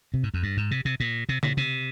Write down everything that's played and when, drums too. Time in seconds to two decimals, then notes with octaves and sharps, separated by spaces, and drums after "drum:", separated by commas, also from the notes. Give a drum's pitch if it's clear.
0.14 C3
0.23 G#2
0.34 F2
0.43 G2
0.57 G#2
0.71 C3
0.85 C3
1.00 A#2
1.29 C3
1.43 A#2, drum: tom C#3
1.57 C3